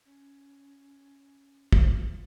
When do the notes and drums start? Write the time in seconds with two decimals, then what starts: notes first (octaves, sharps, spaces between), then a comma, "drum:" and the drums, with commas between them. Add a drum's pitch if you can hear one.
0.05 C#4
1.73 B3 F4, drum: kick